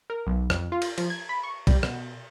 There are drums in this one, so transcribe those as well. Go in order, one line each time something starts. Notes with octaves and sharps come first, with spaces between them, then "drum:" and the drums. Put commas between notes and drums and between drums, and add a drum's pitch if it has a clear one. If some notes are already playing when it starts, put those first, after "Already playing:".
A#4
B1
F2, drum: rim click
F4
drum: cymbal
F3, drum: cymbal
G#6
B5
C#6
G3, drum: kick, cymbal
B2, drum: rim click